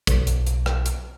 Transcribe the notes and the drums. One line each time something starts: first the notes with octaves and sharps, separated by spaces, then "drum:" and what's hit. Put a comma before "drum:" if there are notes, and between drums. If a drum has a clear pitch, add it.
B1, drum: kick, hi-hat
drum: hi-hat
drum: hi-hat
drum: rim click
drum: hi-hat